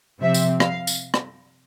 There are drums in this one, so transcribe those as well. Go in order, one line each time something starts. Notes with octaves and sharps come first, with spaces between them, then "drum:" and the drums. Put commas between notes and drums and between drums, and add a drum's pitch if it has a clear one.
C3 F3 C4 E5
drum: tambourine
F5, drum: rim click
drum: tambourine
drum: rim click